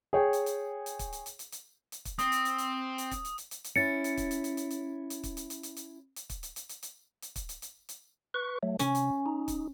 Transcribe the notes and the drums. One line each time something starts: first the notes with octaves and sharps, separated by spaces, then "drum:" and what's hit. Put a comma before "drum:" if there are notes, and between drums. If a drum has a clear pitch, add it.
G#4 C#5 G5
drum: hi-hat
drum: hi-hat
drum: hi-hat
drum: kick, hi-hat
drum: hi-hat
drum: hi-hat
drum: hi-hat
drum: hi-hat
drum: hi-hat
drum: kick, hi-hat
C4 D#6, drum: hi-hat
drum: hi-hat
drum: hi-hat
drum: hi-hat
drum: hi-hat
drum: kick, hi-hat
drum: hi-hat
drum: hi-hat
drum: hi-hat
drum: hi-hat
C#4 E4 A6 C#7
drum: hi-hat
drum: kick, hi-hat
drum: hi-hat
drum: hi-hat
drum: hi-hat
drum: hi-hat
drum: hi-hat
drum: kick, hi-hat
drum: hi-hat
drum: hi-hat
drum: hi-hat
drum: hi-hat
drum: hi-hat
drum: kick, hi-hat
drum: hi-hat
drum: hi-hat
drum: hi-hat
drum: hi-hat
drum: hi-hat
drum: kick, hi-hat
drum: hi-hat
drum: hi-hat
drum: hi-hat
B4 C#6
F#3 A3
C3 C#4, drum: hi-hat
drum: hi-hat
D#4
drum: kick, hi-hat